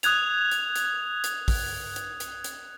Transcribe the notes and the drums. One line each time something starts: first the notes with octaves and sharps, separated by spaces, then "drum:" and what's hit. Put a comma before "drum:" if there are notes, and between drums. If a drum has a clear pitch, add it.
D#6 F#6 G#6 F7, drum: hi-hat
drum: hi-hat
drum: hi-hat
drum: hi-hat
drum: kick, open hi-hat
drum: hi-hat
drum: hi-hat
drum: hi-hat